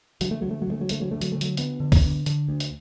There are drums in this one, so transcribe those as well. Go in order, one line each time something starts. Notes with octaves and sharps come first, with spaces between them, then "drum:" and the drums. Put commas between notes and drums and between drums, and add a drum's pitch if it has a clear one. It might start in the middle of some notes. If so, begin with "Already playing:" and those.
D2 F#3, drum: hi-hat
A3
D2 F#3
A3
F#3
D2 A3
F#3
D2 A3, drum: hi-hat
F#3
D3 A3
F#3, drum: hi-hat
D3 A3
F#3, drum: hi-hat
D2 B3, drum: hi-hat
D3
drum: kick, open hi-hat
D3
D3, drum: hi-hat
D2
drum: hi-hat